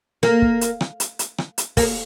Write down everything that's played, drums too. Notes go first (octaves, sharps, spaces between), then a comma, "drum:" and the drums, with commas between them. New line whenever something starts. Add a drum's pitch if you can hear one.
A#3, drum: rim click
drum: kick
drum: hi-hat
drum: rim click
drum: hi-hat
drum: hi-hat
drum: rim click
drum: hi-hat
A#3, drum: kick, open hi-hat